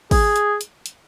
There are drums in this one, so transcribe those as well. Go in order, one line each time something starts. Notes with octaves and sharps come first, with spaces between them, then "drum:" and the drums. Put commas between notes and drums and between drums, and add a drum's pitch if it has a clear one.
G#4, drum: kick G#1, open hi-hat
drum: hi-hat
drum: hi-hat
drum: hi-hat